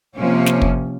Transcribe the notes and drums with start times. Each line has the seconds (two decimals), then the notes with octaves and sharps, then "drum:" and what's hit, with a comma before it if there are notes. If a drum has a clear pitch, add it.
0.16 C3 F3 A#3 C#4
0.46 drum: snare
0.62 drum: kick